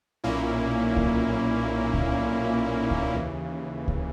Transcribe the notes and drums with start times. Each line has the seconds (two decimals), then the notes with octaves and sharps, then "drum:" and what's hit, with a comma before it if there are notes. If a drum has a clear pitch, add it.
0.24 B1 A#2 A#3 C#4 E4
0.97 drum: kick C#2
1.94 drum: kick C#2
2.91 drum: kick C#2
3.15 D#2 C#3 E3
3.88 drum: kick C#2